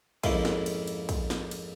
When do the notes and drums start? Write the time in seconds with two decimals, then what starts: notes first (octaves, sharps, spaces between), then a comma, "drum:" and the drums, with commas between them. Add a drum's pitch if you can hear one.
0.24 F2 G#2 A#3 C#4 E4 F5, drum: kick, cymbal
0.45 drum: snare
0.66 drum: cymbal
0.87 drum: cymbal
1.09 drum: kick, cymbal
1.30 drum: snare
1.51 drum: cymbal